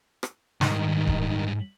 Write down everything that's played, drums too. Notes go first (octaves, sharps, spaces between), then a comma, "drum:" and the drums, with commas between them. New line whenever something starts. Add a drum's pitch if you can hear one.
drum: rim click
G#2 D#3 G3, drum: snare
drum: kick D1